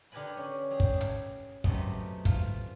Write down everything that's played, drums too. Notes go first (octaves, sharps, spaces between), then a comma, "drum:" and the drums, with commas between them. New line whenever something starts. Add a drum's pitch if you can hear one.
D3 G4 A#4 B4 G#5 B5
C#4
G4 G#4
drum: kick
drum: hi-hat
F#2 C3 A3 B3 D#5 C6, drum: kick
F4, drum: kick, hi-hat